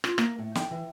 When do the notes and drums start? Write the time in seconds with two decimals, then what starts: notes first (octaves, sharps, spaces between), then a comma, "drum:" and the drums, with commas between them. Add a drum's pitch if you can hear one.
0.04 F4, drum: rim click
0.18 A#3, drum: rim click
0.39 A2
0.55 G5, drum: snare
0.71 E3